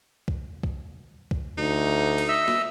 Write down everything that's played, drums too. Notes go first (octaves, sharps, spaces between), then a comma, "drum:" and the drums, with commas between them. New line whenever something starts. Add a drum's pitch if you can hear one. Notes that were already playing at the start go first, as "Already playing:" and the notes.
drum: kick
drum: kick
drum: kick
D2 D#4
drum: cymbal
D#5 E5 E6
drum: snare